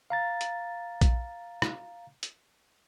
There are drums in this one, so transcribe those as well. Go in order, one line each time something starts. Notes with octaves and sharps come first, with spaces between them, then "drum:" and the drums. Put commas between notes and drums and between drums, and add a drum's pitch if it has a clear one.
F5 A#5 A6
drum: hi-hat
drum: kick A#1, hi-hat
drum: rim click
drum: hi-hat